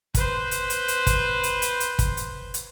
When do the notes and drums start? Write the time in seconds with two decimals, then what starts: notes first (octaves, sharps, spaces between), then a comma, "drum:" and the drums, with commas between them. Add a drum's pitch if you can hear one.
0.15 B4 C5, drum: kick, hi-hat
0.51 drum: hi-hat
0.70 drum: hi-hat
0.88 drum: hi-hat
1.07 drum: kick, hi-hat
1.43 drum: hi-hat
1.62 drum: hi-hat
1.80 drum: hi-hat
1.99 drum: kick, hi-hat
2.17 drum: hi-hat
2.54 drum: hi-hat